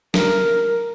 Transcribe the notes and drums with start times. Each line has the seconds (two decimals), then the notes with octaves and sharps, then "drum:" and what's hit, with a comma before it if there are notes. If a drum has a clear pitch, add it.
0.14 A#4, drum: snare